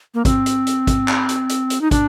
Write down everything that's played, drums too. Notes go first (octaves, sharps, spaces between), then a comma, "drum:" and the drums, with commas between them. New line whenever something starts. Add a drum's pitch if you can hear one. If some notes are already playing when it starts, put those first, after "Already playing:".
A#3
C4, drum: kick, hi-hat
drum: hi-hat
drum: hi-hat
drum: kick, hi-hat
drum: clap
drum: hi-hat
drum: hi-hat
drum: hi-hat
D#4
D4, drum: kick, hi-hat